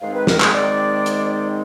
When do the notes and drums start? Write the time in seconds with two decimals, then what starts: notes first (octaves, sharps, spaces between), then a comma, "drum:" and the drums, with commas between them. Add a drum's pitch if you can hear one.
0.01 G#2 D#3 G#3 C4 D#4 F5
0.14 B4
0.27 A#4, drum: snare
0.40 G#4, drum: clap
0.52 D5
1.06 drum: hi-hat